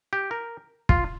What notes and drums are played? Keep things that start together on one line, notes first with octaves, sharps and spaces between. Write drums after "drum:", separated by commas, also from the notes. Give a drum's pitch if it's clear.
G4
A#4
F4, drum: kick